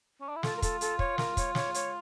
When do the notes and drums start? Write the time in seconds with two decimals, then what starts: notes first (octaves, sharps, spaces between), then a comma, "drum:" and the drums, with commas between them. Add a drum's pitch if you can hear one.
0.21 C#4
0.29 D4
0.36 E4
0.43 F4 A4, drum: snare
0.57 A#4
0.62 A4, drum: kick, hi-hat
0.81 A4, drum: hi-hat
0.99 C#5, drum: kick
1.18 A#4, drum: snare
1.37 C#5, drum: kick, hi-hat
1.55 C#5, drum: snare
1.74 C#5, drum: hi-hat